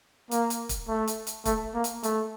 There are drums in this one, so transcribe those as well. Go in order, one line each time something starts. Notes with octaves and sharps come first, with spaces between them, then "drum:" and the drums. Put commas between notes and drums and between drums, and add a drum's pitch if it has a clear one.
A#3, drum: hi-hat
drum: hi-hat
drum: kick, hi-hat
A3
drum: hi-hat
drum: hi-hat
A3, drum: kick, hi-hat
A#3
drum: hi-hat
A3, drum: hi-hat